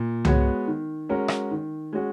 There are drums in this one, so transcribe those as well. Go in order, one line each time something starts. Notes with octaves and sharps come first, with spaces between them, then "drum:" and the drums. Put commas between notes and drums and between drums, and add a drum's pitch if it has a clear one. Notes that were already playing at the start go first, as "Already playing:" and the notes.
Already playing: A#2
G#3 B3 F#4 C#5, drum: tom C2
D#3
G#3 C#4 F#4 A#4
drum: rim click
D#3
G#3 C#4 F#4